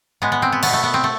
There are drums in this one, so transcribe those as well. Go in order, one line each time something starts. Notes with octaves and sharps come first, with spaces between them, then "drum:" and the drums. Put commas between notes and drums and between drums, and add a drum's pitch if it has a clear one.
A2 G#3 B3
B3
C4
B3
B2 A3 B3, drum: cymbal
A3
B3
C4
A3